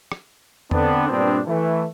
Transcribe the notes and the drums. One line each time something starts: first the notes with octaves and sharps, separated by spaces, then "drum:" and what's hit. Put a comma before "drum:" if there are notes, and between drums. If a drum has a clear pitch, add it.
drum: rim click
D3 B3 C4 D4, drum: tom E2
G2 A#2 B3 C4 D4
E3 A3